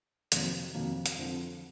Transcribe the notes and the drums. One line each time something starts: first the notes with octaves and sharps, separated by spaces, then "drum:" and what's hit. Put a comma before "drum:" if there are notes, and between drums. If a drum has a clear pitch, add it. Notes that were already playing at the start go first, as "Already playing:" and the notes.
F2 C3 D#3 F#3 A#3, drum: hi-hat
F2 C3 D#3 F#3 A#3
drum: hi-hat
F2 D3 F3